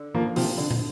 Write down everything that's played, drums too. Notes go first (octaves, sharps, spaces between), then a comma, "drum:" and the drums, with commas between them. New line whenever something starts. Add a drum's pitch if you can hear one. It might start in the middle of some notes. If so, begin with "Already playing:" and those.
Already playing: D3
F3 A#3
C3 F3, drum: open hi-hat
D3
drum: tom